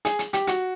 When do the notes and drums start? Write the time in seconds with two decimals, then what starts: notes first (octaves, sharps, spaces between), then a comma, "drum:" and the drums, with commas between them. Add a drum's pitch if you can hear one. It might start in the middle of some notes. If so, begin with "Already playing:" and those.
0.05 G#4, drum: hi-hat
0.19 drum: hi-hat
0.33 G4, drum: hi-hat
0.47 F#4, drum: hi-hat